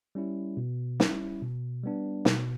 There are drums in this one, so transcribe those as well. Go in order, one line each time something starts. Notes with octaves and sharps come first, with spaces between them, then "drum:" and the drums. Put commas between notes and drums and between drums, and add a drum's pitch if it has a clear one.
G3 C#4 E4
B2
G3 C#4 E4, drum: snare
B2
G3 B3 D4
B2, drum: snare